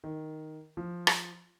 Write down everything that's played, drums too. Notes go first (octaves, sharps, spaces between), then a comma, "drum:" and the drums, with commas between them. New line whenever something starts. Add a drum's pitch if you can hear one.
D#3
F3
drum: rim click